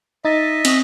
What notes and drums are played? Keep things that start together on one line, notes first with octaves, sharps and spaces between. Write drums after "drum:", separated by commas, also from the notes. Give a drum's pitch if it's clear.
D#4 D#5 E5 A6
C4 D#6, drum: cymbal